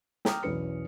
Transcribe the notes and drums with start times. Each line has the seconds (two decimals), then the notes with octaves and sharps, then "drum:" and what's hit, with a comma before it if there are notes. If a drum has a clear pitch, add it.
0.25 G5 A#5 D6 D#6 F6, drum: snare
0.43 B1 E2 E3 C#4 B4 C#7